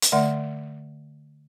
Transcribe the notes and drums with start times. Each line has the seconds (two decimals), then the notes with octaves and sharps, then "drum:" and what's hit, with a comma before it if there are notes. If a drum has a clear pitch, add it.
0.02 drum: hi-hat
0.12 D3 A3 D5 E5 F#5